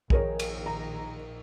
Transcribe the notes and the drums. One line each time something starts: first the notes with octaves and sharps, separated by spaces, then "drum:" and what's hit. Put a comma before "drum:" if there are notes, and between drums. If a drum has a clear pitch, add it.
A#1 D#3 G#4 A#4 C#5, drum: kick
drum: cymbal
A#5